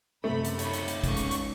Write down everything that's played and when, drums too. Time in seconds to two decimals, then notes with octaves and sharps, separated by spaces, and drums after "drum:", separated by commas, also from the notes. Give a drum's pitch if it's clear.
0.24 F#2 C3 A3 B5
0.45 drum: hi-hat
0.59 D#4 C#5, drum: hi-hat
0.73 drum: hi-hat
0.88 drum: hi-hat
1.04 C#2 C#6, drum: kick, hi-hat
1.17 drum: hi-hat
1.31 drum: hi-hat